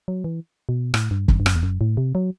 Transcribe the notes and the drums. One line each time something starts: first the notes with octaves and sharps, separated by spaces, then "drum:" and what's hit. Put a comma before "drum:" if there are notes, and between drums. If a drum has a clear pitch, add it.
F#3
E3
B2
A2, drum: rim click
G2
F#2, drum: kick
G2
F#2, drum: rim click
E2
F#2
A2
C3
F#3